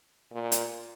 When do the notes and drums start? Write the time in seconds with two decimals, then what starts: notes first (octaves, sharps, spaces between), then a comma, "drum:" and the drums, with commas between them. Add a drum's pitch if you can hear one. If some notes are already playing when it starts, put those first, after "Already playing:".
0.32 A#2
0.52 drum: hi-hat